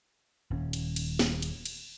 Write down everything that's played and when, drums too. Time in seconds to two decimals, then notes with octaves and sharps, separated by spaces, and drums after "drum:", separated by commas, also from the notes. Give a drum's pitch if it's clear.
0.50 D#1 C#4
0.73 drum: cymbal
0.96 drum: cymbal
1.19 drum: snare
1.42 drum: cymbal
1.66 drum: cymbal